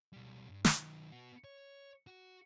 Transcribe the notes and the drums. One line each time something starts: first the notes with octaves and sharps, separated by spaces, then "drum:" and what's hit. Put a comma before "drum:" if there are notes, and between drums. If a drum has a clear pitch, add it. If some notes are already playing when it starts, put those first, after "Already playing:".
B1 G3
G2
D#3 F#3, drum: snare
B3 F#4
C#5
F#4